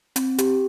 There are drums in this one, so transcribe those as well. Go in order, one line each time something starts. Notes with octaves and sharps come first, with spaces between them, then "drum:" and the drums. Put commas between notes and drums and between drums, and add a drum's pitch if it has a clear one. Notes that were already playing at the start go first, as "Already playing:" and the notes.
C4, drum: hi-hat
G4, drum: hi-hat